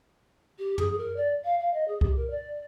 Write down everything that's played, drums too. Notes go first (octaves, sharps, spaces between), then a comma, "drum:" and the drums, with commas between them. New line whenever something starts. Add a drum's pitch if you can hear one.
G4
G#4, drum: tom
G#4
A#4
D5
F5
F5
D#5
G#4
G4, drum: kick C2
A#4
D5